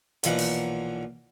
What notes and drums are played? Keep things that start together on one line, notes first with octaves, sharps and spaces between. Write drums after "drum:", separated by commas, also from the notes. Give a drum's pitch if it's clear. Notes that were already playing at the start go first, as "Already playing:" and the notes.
B1 A#2 E3 F3 D#4 F#5, drum: hi-hat
drum: open hi-hat